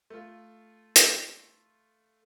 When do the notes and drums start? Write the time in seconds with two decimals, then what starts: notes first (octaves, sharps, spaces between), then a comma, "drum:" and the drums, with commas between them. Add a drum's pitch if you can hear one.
0.10 A3 F4
0.96 drum: hi-hat